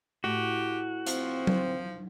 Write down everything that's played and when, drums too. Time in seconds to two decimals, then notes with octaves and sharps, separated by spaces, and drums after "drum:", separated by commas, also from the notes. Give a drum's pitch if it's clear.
0.24 A2 F#4 G4
1.07 F3 C4, drum: hi-hat
1.47 drum: tom F#3